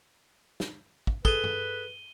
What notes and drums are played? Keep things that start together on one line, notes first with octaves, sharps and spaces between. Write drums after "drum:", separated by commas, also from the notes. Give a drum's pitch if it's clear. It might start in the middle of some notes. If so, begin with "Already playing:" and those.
drum: snare
drum: kick
G#4 A4 B4 D#7 G7, drum: kick
drum: tom G2